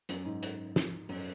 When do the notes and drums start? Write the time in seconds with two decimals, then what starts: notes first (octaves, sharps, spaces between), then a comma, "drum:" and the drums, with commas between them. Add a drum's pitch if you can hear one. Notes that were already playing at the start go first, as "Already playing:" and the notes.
0.09 F#2, drum: hi-hat
0.25 G#2
0.43 drum: hi-hat
0.76 drum: snare
1.09 F#2, drum: open hi-hat